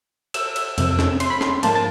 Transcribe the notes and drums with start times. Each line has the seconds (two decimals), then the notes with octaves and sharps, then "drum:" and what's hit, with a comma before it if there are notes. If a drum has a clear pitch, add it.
0.34 E6, drum: cymbal
0.56 drum: cymbal
0.78 F2 C3 F3, drum: cymbal
0.99 drum: snare
1.20 C6, drum: cymbal
1.30 B5
1.41 C6, drum: snare
1.63 G#2 F3 A#3 A5, drum: cymbal
1.75 A5